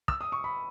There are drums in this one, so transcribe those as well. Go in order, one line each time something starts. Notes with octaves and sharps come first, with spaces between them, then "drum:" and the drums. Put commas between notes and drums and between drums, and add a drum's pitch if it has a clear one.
E6, drum: kick
D#6
C#6
B5